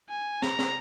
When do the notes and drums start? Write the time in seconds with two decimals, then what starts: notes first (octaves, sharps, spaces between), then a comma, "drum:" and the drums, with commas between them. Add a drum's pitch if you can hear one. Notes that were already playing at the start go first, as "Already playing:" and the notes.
0.09 G#5
0.42 A#5, drum: snare
0.59 drum: snare